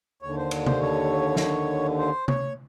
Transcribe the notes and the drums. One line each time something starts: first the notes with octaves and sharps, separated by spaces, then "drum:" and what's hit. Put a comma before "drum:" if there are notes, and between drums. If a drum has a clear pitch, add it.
D#2 D3 C#5
C5
drum: cymbal
C5, drum: tom
C#5
drum: snare
C5
C#5, drum: tom